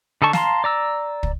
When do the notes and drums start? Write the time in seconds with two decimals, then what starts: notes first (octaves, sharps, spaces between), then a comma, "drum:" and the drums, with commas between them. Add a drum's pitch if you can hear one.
0.22 D3 D#4 A4 A5 C#6
0.33 F5 A5 A#5 C6, drum: snare
0.64 D5 A#5 E6
1.23 drum: kick